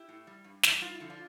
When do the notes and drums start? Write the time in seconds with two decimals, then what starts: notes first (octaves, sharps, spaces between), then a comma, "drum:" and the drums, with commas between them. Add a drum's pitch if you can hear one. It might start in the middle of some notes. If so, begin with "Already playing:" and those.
Already playing: E4 G4
0.09 A2
0.27 G3
0.44 G2
0.63 E3 G3, drum: snare
0.81 G2 F4
0.95 E4
1.00 D3 F3
1.10 D4 F4